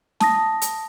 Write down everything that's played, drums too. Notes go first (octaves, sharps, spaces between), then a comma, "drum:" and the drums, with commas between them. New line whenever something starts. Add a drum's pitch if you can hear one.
A5 D#6 A#6, drum: snare
drum: hi-hat